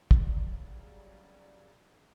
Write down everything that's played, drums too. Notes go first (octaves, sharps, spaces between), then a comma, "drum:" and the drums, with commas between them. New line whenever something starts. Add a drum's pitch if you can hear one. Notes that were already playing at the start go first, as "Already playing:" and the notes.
C#3 F#3 G3, drum: kick